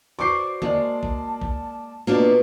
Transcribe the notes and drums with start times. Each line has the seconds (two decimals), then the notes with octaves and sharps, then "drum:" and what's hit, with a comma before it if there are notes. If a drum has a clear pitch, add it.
0.19 F#4 C5 D5 C#6 D6 C7
0.62 G#3 A#3 D5 A5, drum: tom D3
1.03 drum: kick
1.42 drum: kick
2.07 B2 A#3 D4 F4 D5